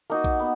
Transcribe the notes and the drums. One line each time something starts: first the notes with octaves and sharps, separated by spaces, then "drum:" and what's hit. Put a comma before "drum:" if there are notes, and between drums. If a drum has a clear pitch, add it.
A#3 D#4 F#4
drum: kick A#1
B3